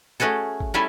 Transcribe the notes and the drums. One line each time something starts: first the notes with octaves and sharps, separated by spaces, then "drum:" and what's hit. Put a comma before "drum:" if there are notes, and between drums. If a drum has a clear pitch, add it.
A3 C#4 F#4 G#4 A4
drum: kick G#1
G3 C#4 E4 A4 E5 G#5